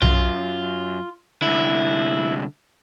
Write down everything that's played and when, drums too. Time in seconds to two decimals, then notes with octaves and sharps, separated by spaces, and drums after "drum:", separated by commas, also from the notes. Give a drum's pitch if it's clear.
0.02 F#2 F4, drum: tom B1
1.42 C2 D3 E4